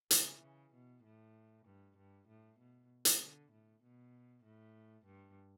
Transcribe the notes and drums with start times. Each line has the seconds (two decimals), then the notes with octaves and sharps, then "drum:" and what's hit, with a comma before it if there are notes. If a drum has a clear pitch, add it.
0.11 C#3 E3, drum: hi-hat
0.42 C#3
0.73 B2
1.04 A2
1.65 G2
1.97 G2
2.28 A2
2.59 B2
3.05 drum: hi-hat
3.21 D3
3.52 A2
3.83 B2
4.44 A2
5.06 G2